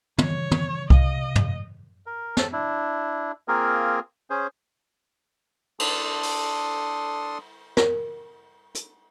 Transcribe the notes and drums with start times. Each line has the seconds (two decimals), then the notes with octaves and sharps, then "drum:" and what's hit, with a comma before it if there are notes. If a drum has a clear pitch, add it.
0.18 C#3 E3 G3 C#5, drum: tom
0.51 drum: tom
0.90 C3 D#5 F5, drum: kick C2
1.35 drum: tom
2.06 A#4
2.37 A4, drum: snare
2.53 D4 E4
3.48 A#3 C4 F4 G#4 A#4
4.30 C#4 G#4 C5
5.80 D4 A4 C6 D#6, drum: cymbal
6.23 drum: open hi-hat
7.77 A#4, drum: snare
8.75 drum: hi-hat